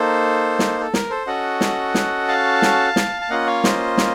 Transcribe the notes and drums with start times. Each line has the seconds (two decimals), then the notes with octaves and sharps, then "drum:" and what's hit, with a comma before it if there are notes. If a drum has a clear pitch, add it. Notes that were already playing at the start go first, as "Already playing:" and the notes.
Already playing: A#3 D#4 A4 C5
0.59 drum: snare
0.81 A4
0.94 A#4, drum: snare
1.10 A4 C5
1.27 C#4 F#4 A4 D#5 F#5
1.61 drum: snare
1.94 drum: snare
2.28 F5 A5
2.62 drum: snare
2.96 drum: snare
3.21 A5
3.29 A#3 C#4 F4 D#5 F#5
3.47 C#5 F5
3.64 C5 D#5, drum: snare
3.97 drum: snare